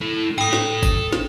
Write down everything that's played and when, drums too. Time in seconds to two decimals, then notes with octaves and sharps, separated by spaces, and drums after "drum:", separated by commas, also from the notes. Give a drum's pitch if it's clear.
0.01 E4 A4
0.38 A4 G5 B5 D#6
0.53 drum: snare
0.83 drum: kick, tambourine
1.13 drum: snare